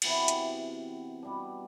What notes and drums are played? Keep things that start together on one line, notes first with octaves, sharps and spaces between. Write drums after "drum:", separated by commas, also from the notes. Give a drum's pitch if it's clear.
C3 E3 B3 F#4, drum: cymbal
drum: hi-hat
B2 G3 D4